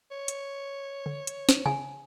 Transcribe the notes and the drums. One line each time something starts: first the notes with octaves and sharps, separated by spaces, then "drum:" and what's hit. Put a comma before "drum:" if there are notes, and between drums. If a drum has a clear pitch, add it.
C#5
drum: hi-hat
D3
drum: hi-hat
drum: snare
C#3 G#5